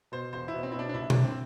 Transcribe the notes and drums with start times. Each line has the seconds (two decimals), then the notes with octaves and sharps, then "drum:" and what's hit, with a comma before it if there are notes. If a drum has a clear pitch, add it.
0.12 B2 C5
0.33 E1 C5
0.48 E4
0.53 B2
0.63 C4
0.72 B2 E4
0.79 D4
0.89 D4
0.94 C2 E4
1.10 C3 D4, drum: tom B2
1.24 C4